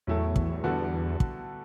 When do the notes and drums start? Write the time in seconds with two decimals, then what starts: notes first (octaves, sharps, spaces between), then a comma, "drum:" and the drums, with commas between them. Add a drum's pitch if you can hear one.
0.07 E2 A2 F#3 A3 E4 A4
0.36 drum: kick
0.64 D3 G3 B3 F#4 A4
1.20 drum: kick